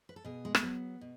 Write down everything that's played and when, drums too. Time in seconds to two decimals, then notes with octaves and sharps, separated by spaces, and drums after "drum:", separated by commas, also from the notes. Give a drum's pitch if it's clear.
0.09 B4
0.16 A4
0.24 B2 G#4
0.45 G#3
0.55 A3, drum: rim click
0.63 F#3 B3
1.01 B2